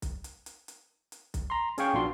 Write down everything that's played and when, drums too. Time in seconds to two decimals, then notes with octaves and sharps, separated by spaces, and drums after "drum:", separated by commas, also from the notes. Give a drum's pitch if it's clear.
0.02 drum: kick B1, hi-hat
0.24 drum: hi-hat
0.46 drum: hi-hat
0.68 drum: hi-hat
1.12 drum: hi-hat
1.34 drum: kick B1, hi-hat
1.50 A#5 C6
1.78 C#4 G#4 C#5 F5 G5 C#6, drum: hi-hat
1.93 A#1 B3 D4 F4 F#4 C6